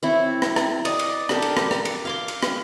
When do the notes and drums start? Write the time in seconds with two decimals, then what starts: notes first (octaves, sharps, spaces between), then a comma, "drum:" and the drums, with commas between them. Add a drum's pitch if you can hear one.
0.03 C4 E4 C#5
0.42 drum: rim click
0.56 drum: rim click
0.85 D5 D#5, drum: cymbal
0.99 drum: cymbal
1.29 D4 G4 A4 A#4, drum: rim click
1.42 drum: cymbal
1.57 drum: rim click
1.71 drum: rim click
1.85 drum: cymbal
2.05 F5 C6 D6
2.28 drum: cymbal
2.43 drum: rim click